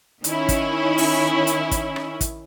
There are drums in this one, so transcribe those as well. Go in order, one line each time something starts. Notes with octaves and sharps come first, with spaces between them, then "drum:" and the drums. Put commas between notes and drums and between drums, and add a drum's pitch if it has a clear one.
D#3 C#4 E4, drum: hi-hat
drum: kick, hi-hat
drum: open hi-hat
drum: hi-hat
drum: kick, hi-hat
drum: rim click
drum: kick, hi-hat